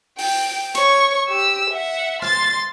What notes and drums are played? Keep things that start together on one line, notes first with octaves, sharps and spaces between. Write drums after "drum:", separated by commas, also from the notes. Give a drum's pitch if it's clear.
G5, drum: open hi-hat
C#5 C#6, drum: hi-hat
G4 E6
E5 F#5
C6 A6, drum: rim click